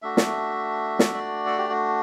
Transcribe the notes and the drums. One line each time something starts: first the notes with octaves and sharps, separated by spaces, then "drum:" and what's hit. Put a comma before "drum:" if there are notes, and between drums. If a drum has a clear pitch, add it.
A3 D4 F#4 E5
drum: snare
drum: snare
D5
A4
G4
F#4